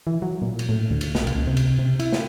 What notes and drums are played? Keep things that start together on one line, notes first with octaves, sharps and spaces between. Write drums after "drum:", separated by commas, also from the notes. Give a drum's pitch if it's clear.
E3
F#3
A#2
drum: cymbal
A2
D2
drum: cymbal
B1, drum: snare
C#2, drum: cymbal
C3
drum: cymbal
C3
E4, drum: cymbal
drum: snare